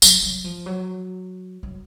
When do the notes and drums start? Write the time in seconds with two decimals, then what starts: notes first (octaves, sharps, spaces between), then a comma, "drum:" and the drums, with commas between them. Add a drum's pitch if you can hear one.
0.02 F#3, drum: tambourine
0.23 F#3
0.44 F3
0.66 F#3
1.63 F#3